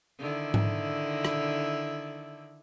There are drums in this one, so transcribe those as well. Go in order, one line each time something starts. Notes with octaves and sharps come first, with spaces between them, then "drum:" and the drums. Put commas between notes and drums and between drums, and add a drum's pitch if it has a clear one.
D3 D#3 E4
drum: tom G#2
drum: rim click